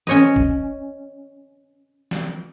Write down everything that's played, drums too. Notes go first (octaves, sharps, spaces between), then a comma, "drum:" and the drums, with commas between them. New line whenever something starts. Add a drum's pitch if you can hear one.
C#4 C#5 D#5, drum: snare
drum: kick
drum: snare